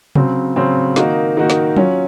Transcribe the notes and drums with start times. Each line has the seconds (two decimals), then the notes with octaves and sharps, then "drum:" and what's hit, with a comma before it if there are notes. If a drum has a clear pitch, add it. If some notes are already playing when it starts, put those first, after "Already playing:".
0.15 C#3 F#3 C4, drum: tom C3
0.56 C#3 F#3 C4
0.96 D#3 A#3 D#4 F#4, drum: snare
1.37 D#3 A#3 D#4 F#4
1.50 drum: snare
1.77 F#3 C#4 F4, drum: tom F#3